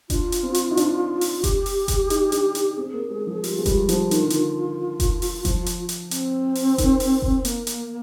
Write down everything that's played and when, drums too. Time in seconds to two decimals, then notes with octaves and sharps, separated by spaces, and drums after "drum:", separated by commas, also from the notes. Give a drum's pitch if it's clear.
0.10 D4 F4, drum: kick F1, hi-hat
0.32 drum: hi-hat
0.43 C4
0.54 drum: hi-hat
0.71 D#4
0.77 D4, drum: hi-hat
1.21 drum: open hi-hat
1.44 G4, drum: kick F1, hi-hat
1.66 drum: open hi-hat
1.88 drum: kick F1, hi-hat
2.10 D#4, drum: hi-hat
2.32 D4, drum: hi-hat
2.55 D#4, drum: hi-hat
2.77 C4 G#4
2.93 A#3
3.10 G#3
3.27 F3
3.44 G3 F4, drum: open hi-hat
3.58 G#3
3.66 G3, drum: kick F1, hi-hat
3.89 F3, drum: hi-hat
4.11 D#3, drum: hi-hat
4.20 D3
4.30 D#3, drum: hi-hat
5.00 drum: kick F1, hi-hat
5.22 drum: open hi-hat
5.45 F3, drum: kick F1, hi-hat
5.66 drum: hi-hat
5.89 drum: hi-hat
6.11 C4, drum: hi-hat
6.55 drum: open hi-hat
6.78 D#3, drum: kick F1, hi-hat
7.00 drum: open hi-hat
7.22 drum: kick F1
7.45 A#3, drum: hi-hat
7.67 drum: hi-hat